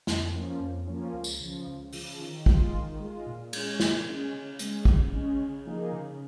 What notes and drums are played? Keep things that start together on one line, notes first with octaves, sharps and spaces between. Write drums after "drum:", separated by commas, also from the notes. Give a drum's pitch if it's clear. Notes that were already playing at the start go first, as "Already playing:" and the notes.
F2, drum: snare
F3 A#3 C#4 F4
F2
F3 A#3 C#4 F4
C#2
drum: tambourine
C#3 F3
C#2
C#3 F3, drum: open hi-hat
D#3
G#3 F4, drum: kick
D#3
G#3 F4
A#2
G#3 C#4, drum: cymbal
A#2, drum: snare
G#3 C#4
C#3
G#3 C#4, drum: hi-hat
C#3, drum: kick
G#3 C#4
C#3
F3 A#3 D#4 G#4
C#3